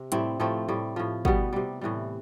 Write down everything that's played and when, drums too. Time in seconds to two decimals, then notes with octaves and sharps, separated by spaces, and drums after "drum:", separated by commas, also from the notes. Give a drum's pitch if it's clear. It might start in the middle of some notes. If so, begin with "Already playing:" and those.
Already playing: C3
0.12 A2 G3 C4 E4, drum: hi-hat
0.40 A2 F3 A3 C4
0.68 A2 G3
0.96 A2 F3
1.25 B2 G3 B3, drum: kick
1.53 C3 G3
1.81 A2 E3 G3